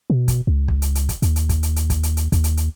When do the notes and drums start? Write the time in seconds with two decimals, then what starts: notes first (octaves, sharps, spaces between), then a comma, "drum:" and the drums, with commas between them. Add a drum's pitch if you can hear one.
0.10 B2
0.28 drum: kick, hi-hat
0.47 C#2
0.68 drum: kick
0.82 drum: hi-hat
0.95 drum: hi-hat
1.09 drum: kick, hi-hat
1.22 D#2, drum: hi-hat
1.36 drum: hi-hat
1.49 drum: kick, hi-hat
1.63 drum: hi-hat
1.76 drum: hi-hat
1.90 drum: kick, hi-hat
2.03 drum: hi-hat
2.17 drum: hi-hat
2.32 D#2, drum: kick, hi-hat
2.44 drum: hi-hat
2.57 drum: hi-hat